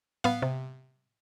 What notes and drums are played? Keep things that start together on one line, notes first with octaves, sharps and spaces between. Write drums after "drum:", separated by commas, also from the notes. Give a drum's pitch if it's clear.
B3 F5, drum: tom
C3